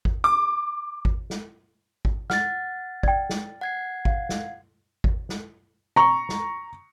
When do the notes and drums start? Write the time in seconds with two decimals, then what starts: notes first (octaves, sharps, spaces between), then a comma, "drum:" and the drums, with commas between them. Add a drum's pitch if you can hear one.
0.05 drum: kick G#1
0.24 D6
1.05 drum: kick G#1
1.30 drum: snare
2.05 drum: kick G#1
2.30 F#5 F6 A6, drum: snare
3.03 D5 G5, drum: kick G#1
3.30 drum: snare
3.61 F#5 G#6 C7
4.05 F5, drum: kick G#1
4.29 drum: snare
5.04 drum: kick G#1
5.29 drum: snare
5.96 A#5 C#6
6.29 drum: snare